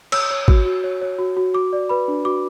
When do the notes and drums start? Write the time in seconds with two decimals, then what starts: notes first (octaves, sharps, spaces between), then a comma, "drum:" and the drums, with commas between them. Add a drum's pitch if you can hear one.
0.12 C#5 E6, drum: cymbal
0.31 C#5
0.48 F#4, drum: kick G#1
0.65 F#4
0.84 C#5
1.01 C#5
1.18 F#4
1.37 F#4
1.54 F#4 D6
1.73 D5
1.89 B4 B5
2.08 D4
2.25 F#4 D6